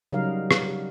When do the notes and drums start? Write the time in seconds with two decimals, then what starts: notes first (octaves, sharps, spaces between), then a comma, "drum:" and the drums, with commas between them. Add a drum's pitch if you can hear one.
0.13 C#3 F#3 G3 D#4 A#4 F5
0.51 drum: rim click